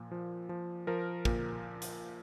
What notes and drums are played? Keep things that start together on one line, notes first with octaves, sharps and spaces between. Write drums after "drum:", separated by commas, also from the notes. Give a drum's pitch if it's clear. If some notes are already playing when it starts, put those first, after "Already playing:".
Already playing: A#2 F3
F3
F3
F3 A#4
A#2, drum: kick
drum: hi-hat